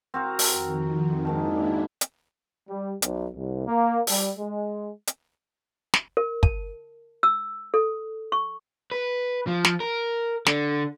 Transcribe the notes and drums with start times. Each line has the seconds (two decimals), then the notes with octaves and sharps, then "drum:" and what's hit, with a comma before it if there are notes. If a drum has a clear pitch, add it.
0.14 C4 F#4 A#4 A#5
0.39 drum: open hi-hat
0.48 F2 D#3
1.25 G#2 D#3 A#3 D4 E4 A5
2.01 drum: hi-hat
2.69 G3
3.02 B1, drum: hi-hat
3.34 C2
3.67 A#3
4.07 G3, drum: open hi-hat
4.38 G#3
5.07 drum: hi-hat
5.94 drum: snare
6.17 A#4
6.43 A5, drum: kick
7.23 E6
7.74 A4
8.32 C#6
8.91 B4
9.47 F3
9.65 drum: snare
9.80 A#4
10.46 D3, drum: snare